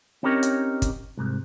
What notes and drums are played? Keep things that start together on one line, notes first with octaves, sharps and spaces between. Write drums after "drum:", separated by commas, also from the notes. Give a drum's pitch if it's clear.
C4 C#4 D#4 G4 A#4 C#5
drum: hi-hat
drum: kick, hi-hat
C2 G#2